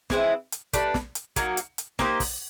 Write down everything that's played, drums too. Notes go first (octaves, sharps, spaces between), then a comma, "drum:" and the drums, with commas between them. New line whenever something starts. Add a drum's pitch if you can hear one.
E3 G#3 C4 E4, drum: snare
drum: hi-hat
A3 D4 G4 B4, drum: kick, hi-hat
drum: snare
drum: hi-hat
F#3 A#3 D#4 F#4, drum: kick, hi-hat
drum: hi-hat
drum: hi-hat
A#3 D#4 G4 C5, drum: snare
drum: kick, open hi-hat